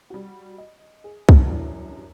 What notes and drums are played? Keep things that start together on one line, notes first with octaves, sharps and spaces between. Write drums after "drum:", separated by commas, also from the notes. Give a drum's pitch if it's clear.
G3 F#4
D#5
G#4
D2 G#2 B2, drum: kick
F#2 E3 G3 D4